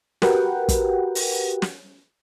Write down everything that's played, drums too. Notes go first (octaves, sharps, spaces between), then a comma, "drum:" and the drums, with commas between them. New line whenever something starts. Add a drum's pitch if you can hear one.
F#4 G4 A#4 B4 F#5 G5, drum: snare
drum: kick, hi-hat
drum: open hi-hat
drum: snare